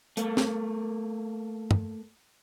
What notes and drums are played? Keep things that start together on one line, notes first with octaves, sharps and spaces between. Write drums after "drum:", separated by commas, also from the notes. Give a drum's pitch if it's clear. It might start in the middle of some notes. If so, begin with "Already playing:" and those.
A3 A#3, drum: hi-hat
drum: snare
drum: tom